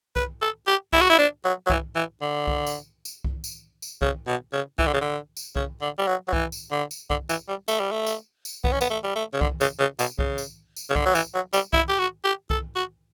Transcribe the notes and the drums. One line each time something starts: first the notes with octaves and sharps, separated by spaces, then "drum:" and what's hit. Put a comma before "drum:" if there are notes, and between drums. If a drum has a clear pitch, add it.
B4, drum: kick C2
A4
G4
E4, drum: kick C2
F#4
E4
D4
F#3
F#3
E3, drum: kick C2
E3
D3
drum: kick C2
drum: tambourine
drum: tambourine
drum: kick C2
drum: tambourine
drum: tambourine
C#3, drum: kick C2
B2
C#3
E3, drum: kick C2
D3
C#3
D3
drum: tambourine
C#3, drum: kick C2
D3
G3
F#3
F#3
E3, drum: kick C2
drum: tambourine
D3
drum: tambourine
D3, drum: kick C2
E3, drum: tambourine
G3
A3, drum: tambourine
G3
A3
drum: tambourine
drum: tambourine
B3, drum: kick C2
C#4
B3, drum: tambourine
A3
G3
A3
C#3
D3, drum: kick C2
C#3, drum: tambourine
C#3
B2, drum: tambourine
C#3, drum: kick C2
drum: tambourine
drum: tambourine
C#3
D3, drum: kick C2
F#3
E3, drum: tambourine
F#3
G3, drum: tambourine
E4, drum: kick C2
G4
F#4
G4
A4, drum: kick C2
F#4